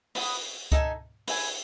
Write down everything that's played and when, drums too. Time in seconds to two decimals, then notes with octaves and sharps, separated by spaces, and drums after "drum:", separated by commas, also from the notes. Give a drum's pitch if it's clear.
0.15 B4 F#5 B5 D#6, drum: open hi-hat
0.72 D#4 A4 E5 G#5, drum: kick C#2, hi-hat
1.28 B4 E5 G#5, drum: open hi-hat